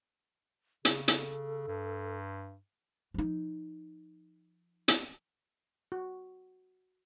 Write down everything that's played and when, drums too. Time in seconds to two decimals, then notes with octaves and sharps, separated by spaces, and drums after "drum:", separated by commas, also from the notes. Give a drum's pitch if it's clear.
0.85 C#3 G#4, drum: hi-hat
1.08 A4, drum: hi-hat
1.67 G2
3.14 F3 D#4
4.88 drum: hi-hat
5.92 F#4